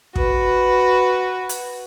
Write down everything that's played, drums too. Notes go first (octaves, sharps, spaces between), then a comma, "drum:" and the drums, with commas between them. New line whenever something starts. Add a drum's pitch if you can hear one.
F#4 B4, drum: kick
drum: hi-hat